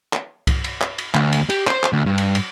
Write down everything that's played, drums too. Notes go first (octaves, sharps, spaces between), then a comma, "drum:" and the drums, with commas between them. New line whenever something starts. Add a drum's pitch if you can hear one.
drum: clap
drum: kick C2, cymbal
drum: cymbal
drum: clap
drum: cymbal
D2, drum: clap
drum: cymbal
G4, drum: cymbal
C5, drum: clap
drum: clap
D2
G2
drum: cymbal
drum: cymbal